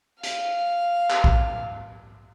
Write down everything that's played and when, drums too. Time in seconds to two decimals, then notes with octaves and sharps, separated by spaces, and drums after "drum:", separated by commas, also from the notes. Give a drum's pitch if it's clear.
0.23 F5, drum: hi-hat
1.10 drum: clap
1.24 drum: kick A#1